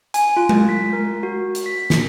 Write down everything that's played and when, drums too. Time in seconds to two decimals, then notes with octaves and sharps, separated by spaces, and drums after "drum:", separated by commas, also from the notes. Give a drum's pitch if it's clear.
0.14 G#5, drum: hi-hat
0.37 F4
0.49 drum: tom G#3
0.69 B6
0.93 A#4
1.23 F#4
1.55 drum: hi-hat
1.66 B6
1.90 drum: snare